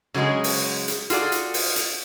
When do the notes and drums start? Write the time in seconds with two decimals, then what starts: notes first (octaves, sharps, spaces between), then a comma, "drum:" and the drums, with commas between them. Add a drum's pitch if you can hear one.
0.14 C#3 F3 F#3 G#3 G#4
0.44 drum: open hi-hat
0.88 drum: hi-hat
1.10 F4 F#4 G#4 A4 D5, drum: hi-hat
1.32 drum: hi-hat
1.54 drum: open hi-hat
1.76 drum: hi-hat